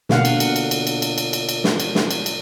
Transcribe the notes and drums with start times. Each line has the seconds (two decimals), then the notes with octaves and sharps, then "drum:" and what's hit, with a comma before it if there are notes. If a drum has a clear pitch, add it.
0.09 B2 D3 A#3 F5 F#5, drum: snare
0.25 drum: cymbal
0.40 drum: cymbal
0.56 drum: cymbal
0.71 drum: cymbal
0.87 drum: cymbal
1.02 drum: cymbal
1.18 drum: cymbal
1.33 drum: cymbal
1.49 drum: cymbal
1.64 drum: snare
1.80 drum: cymbal
1.95 drum: snare
2.11 drum: cymbal
2.26 drum: cymbal